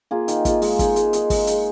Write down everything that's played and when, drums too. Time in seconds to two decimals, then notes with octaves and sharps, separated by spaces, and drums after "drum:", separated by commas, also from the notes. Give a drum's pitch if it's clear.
0.11 A#3 F4 G#4
0.28 D#3, drum: hi-hat
0.45 A#3 F4 G#4, drum: kick, hi-hat
0.62 G#3, drum: open hi-hat
0.79 D#4 G#4, drum: kick, hi-hat
0.96 G#3, drum: hi-hat
1.13 D#4 G#4, drum: hi-hat
1.30 G#3, drum: kick, open hi-hat
1.47 D#4 G#4, drum: hi-hat